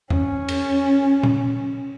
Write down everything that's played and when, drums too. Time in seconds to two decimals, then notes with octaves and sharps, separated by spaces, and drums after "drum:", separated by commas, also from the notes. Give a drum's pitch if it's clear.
0.10 C#4, drum: tom E2
0.48 drum: cymbal
1.23 drum: tom A#2